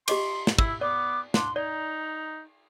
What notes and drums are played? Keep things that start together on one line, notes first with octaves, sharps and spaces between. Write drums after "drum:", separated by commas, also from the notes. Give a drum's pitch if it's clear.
G4 D#5 C6 D6, drum: cymbal
drum: snare
E4 E6, drum: kick
B3 D5 D6
D4 C6, drum: snare
D#4 D5 A#5